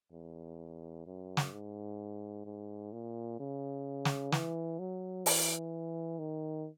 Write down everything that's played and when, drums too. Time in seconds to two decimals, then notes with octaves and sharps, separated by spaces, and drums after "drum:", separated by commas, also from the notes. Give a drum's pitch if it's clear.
0.12 E2
1.06 F#2
1.37 drum: snare
1.52 G#2
2.46 G#2
2.93 A#2
3.40 C#3
4.05 drum: snare
4.32 E3, drum: snare
4.79 F#3
5.26 E3, drum: open hi-hat
6.19 D#3